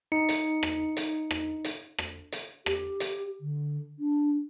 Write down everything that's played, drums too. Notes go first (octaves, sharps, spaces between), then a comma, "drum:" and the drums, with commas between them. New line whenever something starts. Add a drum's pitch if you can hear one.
D#4 C#7
drum: hi-hat
drum: rim click
drum: hi-hat
drum: rim click
drum: hi-hat
drum: rim click
drum: hi-hat
G4, drum: rim click
drum: hi-hat
D3
D4